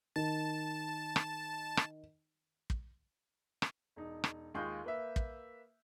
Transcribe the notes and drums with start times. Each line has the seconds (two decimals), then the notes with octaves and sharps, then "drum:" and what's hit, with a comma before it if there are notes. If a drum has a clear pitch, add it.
0.16 D#3 A5
1.16 drum: rim click
1.77 drum: rim click
2.70 drum: kick
3.62 drum: rim click
3.96 E1 D#4
4.24 drum: rim click
4.54 D#2 G#3 F4 C6 C#6 G6
4.84 A#3 B4 E5
5.16 drum: kick